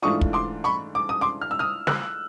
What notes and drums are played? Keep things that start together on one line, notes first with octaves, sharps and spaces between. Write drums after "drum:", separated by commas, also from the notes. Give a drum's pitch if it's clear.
G#2 E3 A3 D4 F4 C#6 D#6
drum: kick
C6 D6
B5 C#6
D6
D#6
C6 D6
F6
E6
D#6 F6
E6 F#6, drum: snare